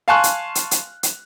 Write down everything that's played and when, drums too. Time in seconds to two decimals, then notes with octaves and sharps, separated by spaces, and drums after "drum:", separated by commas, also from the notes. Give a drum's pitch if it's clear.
0.08 F5 G#5 A5 C6 C#6 F#6
0.24 drum: hi-hat
0.55 drum: hi-hat
0.71 drum: hi-hat
1.03 drum: hi-hat